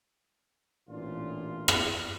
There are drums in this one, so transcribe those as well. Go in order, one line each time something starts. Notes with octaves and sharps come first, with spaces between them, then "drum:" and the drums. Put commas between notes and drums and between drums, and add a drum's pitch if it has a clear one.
A1 A#2 D4 F4
drum: rim click